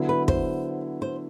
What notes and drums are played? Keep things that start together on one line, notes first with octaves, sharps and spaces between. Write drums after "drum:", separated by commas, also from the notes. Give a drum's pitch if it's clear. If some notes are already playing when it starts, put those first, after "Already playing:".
Already playing: D3 F#3 B3 E4
B4
C5, drum: kick
C5